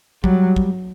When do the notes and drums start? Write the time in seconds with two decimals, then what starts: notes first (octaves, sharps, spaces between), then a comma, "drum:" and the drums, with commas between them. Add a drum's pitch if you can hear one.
0.24 F#3 G3, drum: kick
0.56 drum: kick